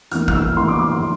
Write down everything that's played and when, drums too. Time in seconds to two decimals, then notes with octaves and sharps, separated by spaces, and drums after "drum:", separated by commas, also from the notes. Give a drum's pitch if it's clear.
0.11 E2 E3 A#3 F6, drum: hi-hat
0.28 F6, drum: kick A1
0.34 E6
0.57 E2 E3 A#3 C6
0.68 D6
0.79 D6
0.92 C6